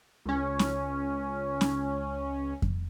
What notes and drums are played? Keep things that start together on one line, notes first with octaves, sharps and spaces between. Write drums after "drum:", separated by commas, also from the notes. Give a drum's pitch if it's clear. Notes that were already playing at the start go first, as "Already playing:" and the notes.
C#2 C#4
drum: snare
drum: snare
drum: kick F2